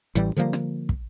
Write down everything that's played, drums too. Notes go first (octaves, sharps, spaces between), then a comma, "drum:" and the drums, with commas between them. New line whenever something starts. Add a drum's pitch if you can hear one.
A1 A2 E3 G3
D3 F3 G3 A#3
drum: rim click
drum: kick